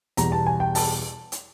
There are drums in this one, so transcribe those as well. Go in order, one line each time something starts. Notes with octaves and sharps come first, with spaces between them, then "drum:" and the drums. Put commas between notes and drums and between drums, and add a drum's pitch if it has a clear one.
E2 B2 G3 A#5, drum: hi-hat
A5
G#5
G5
A5, drum: open hi-hat
drum: hi-hat